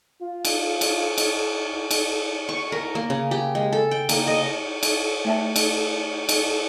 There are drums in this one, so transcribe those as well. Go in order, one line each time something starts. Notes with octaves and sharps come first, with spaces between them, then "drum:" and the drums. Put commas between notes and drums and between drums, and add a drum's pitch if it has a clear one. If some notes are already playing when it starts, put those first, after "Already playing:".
F4
drum: cymbal
drum: cymbal
drum: cymbal
drum: cymbal
C#6
A#4
A#3
C#3
G4
G#3
A4
G5
A#3, drum: cymbal
D#5
drum: cymbal
A3 E5 A5
drum: cymbal
drum: cymbal